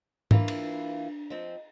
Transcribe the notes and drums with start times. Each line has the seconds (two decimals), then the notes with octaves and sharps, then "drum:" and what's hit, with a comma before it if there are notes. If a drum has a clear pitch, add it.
0.31 E3 A#3 D4 F4, drum: tom G#2
0.48 drum: cymbal
1.30 F3 C4 D#5